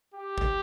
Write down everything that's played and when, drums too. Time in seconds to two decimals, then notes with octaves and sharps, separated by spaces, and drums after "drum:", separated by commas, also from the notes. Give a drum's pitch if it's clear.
0.14 G4
0.38 drum: kick